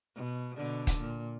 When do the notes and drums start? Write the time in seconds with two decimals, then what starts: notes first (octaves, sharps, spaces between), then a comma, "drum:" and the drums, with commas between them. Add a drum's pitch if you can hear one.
0.16 B2
0.56 B2 D3 D4
0.87 drum: kick D#1, hi-hat
0.99 A#2